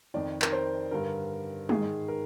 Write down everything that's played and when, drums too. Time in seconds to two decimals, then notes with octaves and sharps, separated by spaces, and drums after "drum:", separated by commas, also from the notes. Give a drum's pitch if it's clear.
0.14 F2 D#3 D5
0.42 A#4, drum: clap
0.52 C5
0.91 G2 D3 A#4
1.69 G#2 D#3 G#4, drum: tom
2.08 A#4